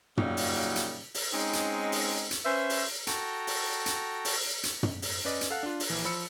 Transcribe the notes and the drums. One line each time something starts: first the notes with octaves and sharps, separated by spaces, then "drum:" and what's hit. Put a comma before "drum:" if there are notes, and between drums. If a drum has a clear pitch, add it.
A#2 C#3 F#3 G3 A#3 D#4, drum: tom
drum: open hi-hat
drum: hi-hat
drum: open hi-hat
G#3 C4 C#4 D#4
drum: hi-hat
drum: open hi-hat
drum: hi-hat
C#4 B4 C5 E5
drum: open hi-hat
F#4 A4 G5 A#5, drum: hi-hat
drum: open hi-hat
drum: hi-hat
drum: open hi-hat
drum: hi-hat
drum: tom
drum: open hi-hat
C#4 B4 D5 D#5
drum: hi-hat
A4 F5 F#5 F#6
D4 F4
drum: open hi-hat
A#1 E3
F3 B5 E6 C#7